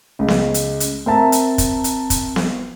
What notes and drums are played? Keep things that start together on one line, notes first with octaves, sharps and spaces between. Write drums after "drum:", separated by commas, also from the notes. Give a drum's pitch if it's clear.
C#2
drum: snare B3
drum: hi-hat
drum: hi-hat
C4 A#4 E5 A5 A#5
drum: hi-hat
drum: kick, hi-hat
drum: hi-hat
drum: kick, hi-hat
drum: snare B3